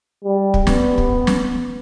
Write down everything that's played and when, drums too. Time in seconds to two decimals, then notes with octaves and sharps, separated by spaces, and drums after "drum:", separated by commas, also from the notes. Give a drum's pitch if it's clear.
0.25 G3
0.54 drum: kick
0.67 B3, drum: snare
0.98 drum: kick
1.27 drum: snare